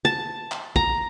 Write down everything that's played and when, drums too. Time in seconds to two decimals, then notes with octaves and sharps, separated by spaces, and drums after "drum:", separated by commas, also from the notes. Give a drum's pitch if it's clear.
0.05 A5
0.52 drum: clap
0.76 A#5, drum: kick